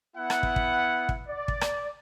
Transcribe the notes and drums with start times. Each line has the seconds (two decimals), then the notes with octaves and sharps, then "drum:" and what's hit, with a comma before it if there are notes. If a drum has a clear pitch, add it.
0.17 B3 E4 F#5
0.30 drum: rim click
0.43 drum: kick
0.56 drum: kick
1.09 drum: kick
1.29 D5
1.48 drum: kick
1.61 drum: rim click